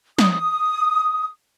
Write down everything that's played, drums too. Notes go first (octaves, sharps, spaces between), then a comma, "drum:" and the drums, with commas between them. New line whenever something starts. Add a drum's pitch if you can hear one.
D#6, drum: snare